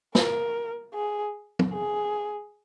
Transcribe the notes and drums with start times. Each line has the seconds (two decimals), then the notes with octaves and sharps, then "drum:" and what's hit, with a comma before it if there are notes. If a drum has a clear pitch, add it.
0.15 A#4, drum: snare
0.94 G#4
1.59 drum: tom
1.73 G#4